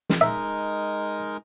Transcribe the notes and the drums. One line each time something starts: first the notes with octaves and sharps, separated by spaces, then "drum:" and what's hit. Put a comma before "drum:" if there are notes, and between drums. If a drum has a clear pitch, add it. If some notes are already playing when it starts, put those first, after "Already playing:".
drum: snare
G#3 D#4 A#4 E5